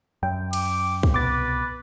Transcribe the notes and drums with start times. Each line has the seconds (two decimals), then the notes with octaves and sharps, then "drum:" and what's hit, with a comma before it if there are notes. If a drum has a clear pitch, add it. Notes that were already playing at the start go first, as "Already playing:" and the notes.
0.23 F#2 G5
0.53 D6, drum: cymbal
1.03 drum: kick C2
1.14 C2 B2 B4 D6 A6